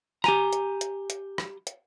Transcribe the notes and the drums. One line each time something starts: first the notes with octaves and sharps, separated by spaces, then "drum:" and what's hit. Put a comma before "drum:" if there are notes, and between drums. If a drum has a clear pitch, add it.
G4 G#5 A#5, drum: rim click
drum: hi-hat
drum: hi-hat
drum: hi-hat
drum: rim click
drum: hi-hat